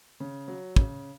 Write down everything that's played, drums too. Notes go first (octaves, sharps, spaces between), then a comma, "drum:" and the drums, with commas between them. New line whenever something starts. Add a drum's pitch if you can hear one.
C#3
F#3
C#3, drum: kick